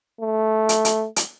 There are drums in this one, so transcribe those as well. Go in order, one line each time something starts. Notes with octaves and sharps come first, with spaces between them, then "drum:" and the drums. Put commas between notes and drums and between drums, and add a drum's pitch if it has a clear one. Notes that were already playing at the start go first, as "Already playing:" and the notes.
A3
drum: hi-hat
drum: hi-hat
drum: hi-hat